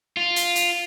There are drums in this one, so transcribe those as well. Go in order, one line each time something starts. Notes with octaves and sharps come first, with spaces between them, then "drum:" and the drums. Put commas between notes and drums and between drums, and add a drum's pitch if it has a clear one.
F4
drum: hi-hat
drum: hi-hat